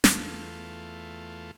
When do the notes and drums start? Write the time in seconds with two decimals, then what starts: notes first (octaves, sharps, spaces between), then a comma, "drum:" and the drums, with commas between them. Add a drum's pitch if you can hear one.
0.04 E2 A3 F4, drum: snare